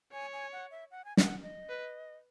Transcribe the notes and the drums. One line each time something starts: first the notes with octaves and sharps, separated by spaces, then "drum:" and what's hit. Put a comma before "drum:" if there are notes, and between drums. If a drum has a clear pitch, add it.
C#5 G#5
G#5
F#5
E5
F#5
G#5
F#5, drum: snare
D#5
B4